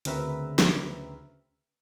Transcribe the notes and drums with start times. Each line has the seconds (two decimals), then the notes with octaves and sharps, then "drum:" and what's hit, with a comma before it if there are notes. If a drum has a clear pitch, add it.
0.05 D2 C#3 C4 A#4 B4 E5, drum: hi-hat
0.59 drum: snare